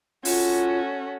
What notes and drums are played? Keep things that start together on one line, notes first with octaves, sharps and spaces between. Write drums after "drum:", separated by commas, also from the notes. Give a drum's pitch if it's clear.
C#4 F4 F#4 A4, drum: open hi-hat